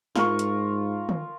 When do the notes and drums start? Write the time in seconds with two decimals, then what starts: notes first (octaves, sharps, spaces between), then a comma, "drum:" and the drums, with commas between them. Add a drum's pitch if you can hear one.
0.16 G#2 F4 A#4 C#6, drum: snare
0.39 drum: hi-hat
1.09 drum: tom